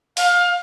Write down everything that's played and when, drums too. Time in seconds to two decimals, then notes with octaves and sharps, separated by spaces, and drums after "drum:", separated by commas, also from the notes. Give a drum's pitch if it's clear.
0.17 F5, drum: open hi-hat